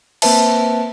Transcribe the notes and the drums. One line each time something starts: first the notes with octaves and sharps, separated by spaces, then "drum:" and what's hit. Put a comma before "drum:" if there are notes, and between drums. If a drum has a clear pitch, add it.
A#3 C4 B4 C5 E5 A5, drum: cymbal